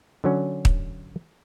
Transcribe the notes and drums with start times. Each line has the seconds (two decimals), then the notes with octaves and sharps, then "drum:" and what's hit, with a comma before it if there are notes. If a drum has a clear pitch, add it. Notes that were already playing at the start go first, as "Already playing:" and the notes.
0.24 D3 F#3 C#4
0.65 drum: kick